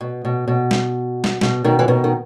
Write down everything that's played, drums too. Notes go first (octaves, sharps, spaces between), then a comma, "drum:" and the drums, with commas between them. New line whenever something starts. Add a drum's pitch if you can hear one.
B2
B2
B2
drum: snare
drum: snare
B2, drum: snare
B2 D#3
E3
B2 D#3
D#3